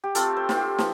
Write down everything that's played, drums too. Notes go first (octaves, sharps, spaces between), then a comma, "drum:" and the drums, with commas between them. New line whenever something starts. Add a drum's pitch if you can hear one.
G4
A3 C4 F4 A4, drum: hi-hat
C5
F4, drum: snare
G4
F3, drum: snare